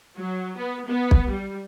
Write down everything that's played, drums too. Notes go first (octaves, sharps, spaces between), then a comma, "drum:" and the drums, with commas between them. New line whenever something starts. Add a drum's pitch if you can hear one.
F#3
B3
B3
drum: kick B1
G3